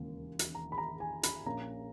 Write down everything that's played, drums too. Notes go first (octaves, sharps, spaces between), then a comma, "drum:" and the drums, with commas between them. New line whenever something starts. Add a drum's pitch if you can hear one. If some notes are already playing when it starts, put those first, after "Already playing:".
Already playing: E1 D#2 C#3 E3 A#3
drum: hi-hat
A#5
B5
A#5
G#5
B5, drum: hi-hat
A#1 A#2 A#3 C#4 A#5